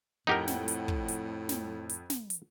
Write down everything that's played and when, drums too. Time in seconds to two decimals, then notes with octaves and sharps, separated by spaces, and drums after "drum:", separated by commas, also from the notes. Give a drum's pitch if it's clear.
0.27 F2 A2 D#4 G4 A#4 F#5 G5
0.47 drum: snare
0.68 drum: hi-hat
0.88 drum: kick
1.08 drum: hi-hat
1.49 drum: snare
1.89 drum: hi-hat
2.10 drum: snare
2.30 drum: hi-hat